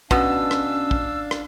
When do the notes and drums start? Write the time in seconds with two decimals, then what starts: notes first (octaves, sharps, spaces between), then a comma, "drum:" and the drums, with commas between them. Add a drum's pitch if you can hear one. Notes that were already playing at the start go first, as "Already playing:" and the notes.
0.11 B2 C#4 D4 F5 A5 E6, drum: kick
0.51 drum: rim click
0.91 drum: kick
1.31 drum: rim click